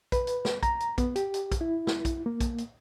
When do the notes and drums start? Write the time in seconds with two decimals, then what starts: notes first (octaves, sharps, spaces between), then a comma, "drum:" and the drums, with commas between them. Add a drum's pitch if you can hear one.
0.12 B4, drum: kick, hi-hat
0.27 drum: hi-hat
0.45 drum: snare
0.63 A#5, drum: kick, hi-hat
0.80 drum: hi-hat
0.98 B3, drum: kick, hi-hat
1.16 G4, drum: hi-hat
1.34 drum: hi-hat
1.52 drum: kick, hi-hat
1.61 E4
1.87 drum: snare
2.05 drum: kick, hi-hat
2.26 A#3
2.41 drum: kick, hi-hat
2.58 drum: hi-hat